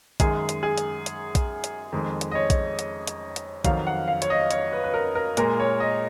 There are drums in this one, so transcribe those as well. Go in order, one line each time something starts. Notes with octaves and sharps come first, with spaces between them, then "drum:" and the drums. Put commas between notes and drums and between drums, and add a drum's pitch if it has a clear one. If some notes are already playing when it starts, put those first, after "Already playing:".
F#2 D#3 G#3 G#4, drum: kick A#1, hi-hat
drum: hi-hat
G#4
drum: hi-hat
drum: hi-hat
drum: kick A#1, hi-hat
drum: hi-hat
F2 D#3 G#3
drum: hi-hat
D#5
C#5
drum: kick A#1, hi-hat
drum: hi-hat
drum: hi-hat
drum: hi-hat
F2 D#3 F#3 F5, drum: kick A#1, hi-hat
F#5
F5
C#5, drum: hi-hat
D#5
C#5, drum: hi-hat
B4
B4
A#4
A#4
A#2 G#3 A#4, drum: hi-hat
C#5
D#5